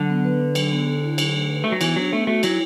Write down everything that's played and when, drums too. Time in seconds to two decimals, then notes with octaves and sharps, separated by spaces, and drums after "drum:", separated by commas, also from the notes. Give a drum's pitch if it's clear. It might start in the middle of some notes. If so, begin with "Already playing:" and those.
Already playing: D3 F#3
0.10 B3
0.24 B4
0.40 D4
0.55 F#3, drum: cymbal
0.72 B3
0.87 A4
1.03 E4
1.18 F#3, drum: cymbal
1.34 A3
1.49 B4
1.64 A3 F#4
1.72 F#3
1.81 E3 B3, drum: cymbal
1.96 F#3 D4
2.13 A3 B3
2.27 A3 F#4
2.43 F#3 E4, drum: cymbal